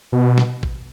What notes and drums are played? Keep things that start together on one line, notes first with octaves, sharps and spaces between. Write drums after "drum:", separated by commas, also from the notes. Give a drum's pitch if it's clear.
B2
drum: snare
drum: kick A1